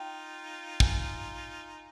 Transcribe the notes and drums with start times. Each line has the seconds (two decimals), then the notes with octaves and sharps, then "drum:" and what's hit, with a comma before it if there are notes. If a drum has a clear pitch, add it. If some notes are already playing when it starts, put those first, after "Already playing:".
Already playing: D#4 F4 G5
0.80 G#5, drum: kick